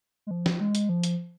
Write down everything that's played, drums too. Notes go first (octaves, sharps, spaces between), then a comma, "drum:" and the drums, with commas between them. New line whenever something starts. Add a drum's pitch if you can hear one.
G#3
F3
drum: snare
G#3
drum: hi-hat
F3
drum: hi-hat